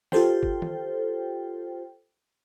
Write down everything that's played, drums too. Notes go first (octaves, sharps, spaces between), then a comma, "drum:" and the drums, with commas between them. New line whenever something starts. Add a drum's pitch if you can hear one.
F4 G4 A4 C5 G5, drum: snare
drum: kick
drum: tom D#3